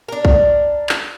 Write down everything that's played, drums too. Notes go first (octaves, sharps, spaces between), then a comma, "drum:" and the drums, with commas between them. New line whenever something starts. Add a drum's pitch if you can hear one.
D4 A#4
drum: kick B1
drum: clap